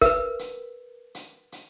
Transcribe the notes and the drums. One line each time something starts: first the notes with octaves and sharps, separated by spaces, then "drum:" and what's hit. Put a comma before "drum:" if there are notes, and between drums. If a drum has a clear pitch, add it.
A#4 B4, drum: kick, hi-hat
drum: hi-hat
drum: hi-hat
drum: hi-hat